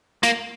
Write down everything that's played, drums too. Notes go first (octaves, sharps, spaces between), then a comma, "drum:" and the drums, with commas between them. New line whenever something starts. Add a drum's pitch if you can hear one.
A#3, drum: snare